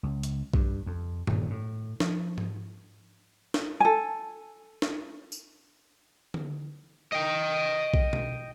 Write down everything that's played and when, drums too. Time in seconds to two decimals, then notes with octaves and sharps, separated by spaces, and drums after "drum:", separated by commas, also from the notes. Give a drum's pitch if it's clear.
0.03 C#2
0.23 drum: hi-hat
0.54 G2, drum: kick B1
0.86 F2
1.27 D#1, drum: tom G2
1.50 A2
2.00 F3, drum: snare
2.38 drum: tom G#2
3.54 drum: snare
3.80 A4 G#5
4.82 drum: snare
5.32 drum: tambourine
6.34 drum: tom D3
7.13 D#5 G5
7.94 drum: kick B1
8.13 drum: tom B2